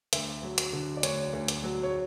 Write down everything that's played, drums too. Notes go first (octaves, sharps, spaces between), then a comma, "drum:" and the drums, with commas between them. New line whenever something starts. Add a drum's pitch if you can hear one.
D2 E5, drum: hi-hat
F#3
drum: hi-hat
D3
D5
D2 C#5, drum: hi-hat
D2
drum: hi-hat
F#3
C#5